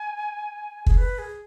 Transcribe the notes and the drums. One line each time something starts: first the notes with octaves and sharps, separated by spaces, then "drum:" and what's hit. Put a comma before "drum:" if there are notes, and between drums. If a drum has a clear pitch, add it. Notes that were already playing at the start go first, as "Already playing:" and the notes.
Already playing: G#5
G#4, drum: kick
B4
G#4